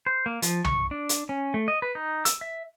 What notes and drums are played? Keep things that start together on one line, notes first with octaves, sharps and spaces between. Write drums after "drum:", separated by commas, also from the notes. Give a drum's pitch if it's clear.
C5
A#3
F3, drum: hi-hat
C#6, drum: tom
D4
drum: hi-hat
C#4
A3
D#5
B4
D#4
E6, drum: hi-hat
E5